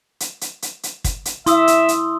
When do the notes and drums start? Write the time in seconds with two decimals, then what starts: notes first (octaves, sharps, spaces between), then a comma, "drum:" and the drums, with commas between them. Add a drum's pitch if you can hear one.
0.20 drum: hi-hat
0.41 drum: hi-hat
0.62 drum: hi-hat
0.83 drum: hi-hat
1.04 drum: kick, hi-hat
1.25 drum: hi-hat
1.46 E4 E5 C6 D#6 E6, drum: hi-hat
1.67 drum: hi-hat
1.88 drum: hi-hat